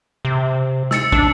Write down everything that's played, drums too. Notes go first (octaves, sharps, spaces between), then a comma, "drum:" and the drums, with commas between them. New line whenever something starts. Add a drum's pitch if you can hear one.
C3
E6 A6 C#7, drum: snare
D4, drum: kick